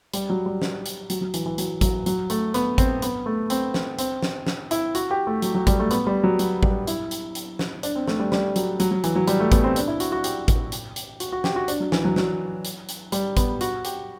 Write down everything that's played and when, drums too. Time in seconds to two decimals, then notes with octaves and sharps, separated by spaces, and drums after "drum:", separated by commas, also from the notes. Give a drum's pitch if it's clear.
0.14 G3, drum: hi-hat
0.30 F#3
0.46 G3
0.62 drum: snare
0.86 drum: hi-hat
1.10 F#3, drum: hi-hat
1.21 F#3
1.34 E3, drum: hi-hat
1.46 E3
1.58 F#3, drum: hi-hat
1.81 F#3, drum: kick G#1, hi-hat
2.06 F#3, drum: hi-hat
2.30 A3, drum: hi-hat
2.54 B3, drum: hi-hat
2.78 C4, drum: kick G#1, hi-hat
3.02 B3, drum: hi-hat
3.26 A3
3.50 C4, drum: hi-hat
3.74 drum: snare
3.99 C4, drum: hi-hat
4.22 drum: snare
4.47 drum: snare
4.71 E4, drum: hi-hat
4.95 F#4, drum: hi-hat
5.11 G4
5.27 A3
5.42 F#3, drum: hi-hat
5.55 F#3
5.67 G3, drum: kick G#1, hi-hat
5.79 A3
5.91 B3, drum: hi-hat
6.07 G3
6.23 F#3
6.39 F#3, drum: hi-hat
6.63 G3, drum: kick G#1
6.87 E4, drum: hi-hat
7.11 drum: hi-hat
7.35 drum: hi-hat
7.59 drum: snare
7.83 D4, drum: hi-hat
7.95 C4
8.07 A3, drum: snare
8.20 G3
8.32 G3, drum: snare
8.56 F#3, drum: hi-hat
8.80 F#3, drum: hi-hat
8.91 F#3
9.04 E3, drum: hi-hat
9.16 F#3
9.28 G3, drum: hi-hat
9.40 A3
9.52 B3, drum: kick G#1, hi-hat
9.64 C4
9.76 D4, drum: hi-hat
9.88 E4
10.00 F#4, drum: hi-hat
10.12 F#4
10.24 G4, drum: hi-hat
10.48 drum: kick G#1, hi-hat
10.72 drum: hi-hat
10.96 drum: hi-hat
11.20 F#4, drum: hi-hat
11.32 F#4
11.44 G4, drum: snare
11.56 F#4
11.68 D4, drum: hi-hat
11.80 F#3
11.92 E3, drum: snare
12.05 F#3
12.16 F#3, drum: snare
12.65 drum: hi-hat
12.89 drum: hi-hat
13.12 G3, drum: hi-hat
13.37 B3, drum: kick G#1, hi-hat
13.61 F#4, drum: hi-hat
13.85 G4, drum: hi-hat